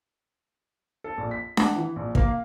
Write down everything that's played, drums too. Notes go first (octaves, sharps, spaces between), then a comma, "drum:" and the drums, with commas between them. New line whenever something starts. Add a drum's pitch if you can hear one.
A4
A#1
B6
F#5, drum: snare D4
E3
A#1
A#3, drum: kick
F5